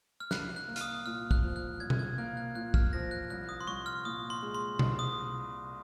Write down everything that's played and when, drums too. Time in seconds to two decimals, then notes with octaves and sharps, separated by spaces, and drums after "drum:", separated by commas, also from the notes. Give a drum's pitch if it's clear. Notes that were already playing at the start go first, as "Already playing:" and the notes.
0.20 F6
0.31 C2 F#6, drum: snare
0.56 F#6
0.68 A#3
0.76 F6, drum: hi-hat
0.81 D#6
1.06 A#2 F6
1.31 F#6, drum: kick
1.43 F3
1.56 F#6
1.80 C2 G#6
1.90 drum: tom B2
1.99 G#6
2.18 A#3 F#6
2.37 F#6
2.55 A#2 F#6
2.74 F6, drum: kick
2.93 F3 A#6
3.11 F#6
3.30 C2 F#6
3.49 D#6
3.61 C6
3.67 C2 C#6
3.86 F6
4.05 A#2 D#6
4.30 C6
4.43 G#3
4.55 C6
4.79 C2, drum: tom B2
4.99 D#6